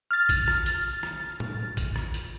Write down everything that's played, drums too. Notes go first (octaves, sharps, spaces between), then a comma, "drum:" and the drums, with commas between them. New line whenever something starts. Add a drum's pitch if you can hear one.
F6 A6
drum: kick, hi-hat
drum: rim click
drum: hi-hat
drum: rim click
drum: tom
drum: kick, hi-hat
drum: rim click
drum: hi-hat